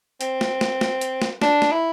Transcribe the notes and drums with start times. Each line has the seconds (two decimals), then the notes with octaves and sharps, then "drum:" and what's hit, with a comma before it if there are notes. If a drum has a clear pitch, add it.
0.21 C4, drum: hi-hat
0.41 drum: snare
0.61 drum: snare
0.81 drum: snare
1.01 drum: hi-hat
1.22 drum: snare
1.42 D4, drum: snare
1.62 drum: snare
1.72 E4